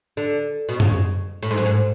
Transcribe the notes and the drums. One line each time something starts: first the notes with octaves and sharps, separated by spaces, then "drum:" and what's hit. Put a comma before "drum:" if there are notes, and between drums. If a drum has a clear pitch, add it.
D3
B2
C#3, drum: tom F#2
A2
G#2
F#2
G#2